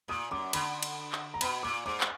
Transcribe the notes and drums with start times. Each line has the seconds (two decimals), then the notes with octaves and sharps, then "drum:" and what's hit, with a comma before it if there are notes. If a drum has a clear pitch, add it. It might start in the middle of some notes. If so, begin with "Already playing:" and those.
0.08 A#2 D#6
0.31 F#2 D6
0.53 D3 B5, drum: cymbal
0.83 drum: cymbal
1.12 drum: clap
1.34 A#5
1.41 B2 B5, drum: cymbal
1.63 A#2 D6
1.86 G#2 D6
2.01 drum: clap